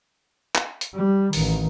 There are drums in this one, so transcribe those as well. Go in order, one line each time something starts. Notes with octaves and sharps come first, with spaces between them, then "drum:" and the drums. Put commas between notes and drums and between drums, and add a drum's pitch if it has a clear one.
drum: clap
drum: hi-hat
G3
A1 D#3, drum: open hi-hat